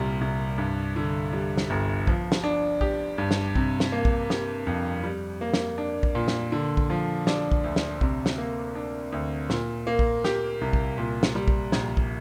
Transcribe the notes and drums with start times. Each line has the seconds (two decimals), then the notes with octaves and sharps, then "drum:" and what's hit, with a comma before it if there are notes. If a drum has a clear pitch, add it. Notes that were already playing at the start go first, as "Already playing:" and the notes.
Already playing: C2 A#2 G3
0.21 C2
0.58 G2
0.96 D3
1.33 G3
1.57 drum: snare
1.70 G1
2.07 F3, drum: kick A#1
2.32 drum: snare
2.44 D4
2.81 G4, drum: kick A#1
3.18 G2
3.31 drum: snare
3.55 C3, drum: kick A#1
3.80 drum: snare
3.92 A#3
4.05 drum: kick A#1
4.30 G4, drum: snare
4.67 F2
5.04 G3
5.41 A#3
5.54 drum: snare
5.78 D4
6.03 drum: kick A#1
6.15 A#2
6.28 drum: snare
6.52 D3
6.77 drum: kick A#1
6.90 F3
7.27 D4, drum: snare
7.52 drum: kick A#1
7.64 D2
7.76 drum: snare
8.01 C3, drum: kick A#1
8.26 drum: snare
8.38 A#3
8.75 D4
9.12 D2
9.50 A#2, drum: snare
9.87 A#3
9.99 drum: kick A#1
10.24 G4, drum: snare
10.61 C2
10.73 drum: kick A#1
10.98 A#2
11.23 drum: snare
11.35 G3
11.48 drum: kick A#1
11.72 A#1, drum: snare
11.97 drum: kick A#1